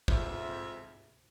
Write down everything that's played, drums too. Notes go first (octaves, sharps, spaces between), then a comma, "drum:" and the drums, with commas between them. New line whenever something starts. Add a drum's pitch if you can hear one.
F2 G#2 C3 E4 F4 E5, drum: kick